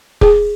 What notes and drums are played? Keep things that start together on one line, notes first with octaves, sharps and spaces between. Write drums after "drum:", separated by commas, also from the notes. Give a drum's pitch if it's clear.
G#4, drum: kick